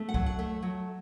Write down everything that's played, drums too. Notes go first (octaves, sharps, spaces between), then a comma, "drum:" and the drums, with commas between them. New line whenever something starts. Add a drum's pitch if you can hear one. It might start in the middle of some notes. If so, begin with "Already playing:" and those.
Already playing: A3
F#5
F#3, drum: kick C2
F#5
A3
F#3